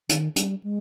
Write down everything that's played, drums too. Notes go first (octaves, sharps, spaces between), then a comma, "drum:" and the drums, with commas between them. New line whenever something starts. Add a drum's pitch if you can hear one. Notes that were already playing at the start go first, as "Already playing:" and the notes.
D#3, drum: hi-hat
G3, drum: hi-hat
G#3